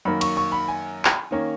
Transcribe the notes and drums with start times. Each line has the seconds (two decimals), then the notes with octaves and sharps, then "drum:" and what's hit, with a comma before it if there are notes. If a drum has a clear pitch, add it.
0.05 F#2 D#3 A#3 B5
0.21 C#6, drum: cymbal
0.37 C#6
0.52 B5
0.68 G#5
1.05 drum: clap
1.31 D#3 A#3 C#4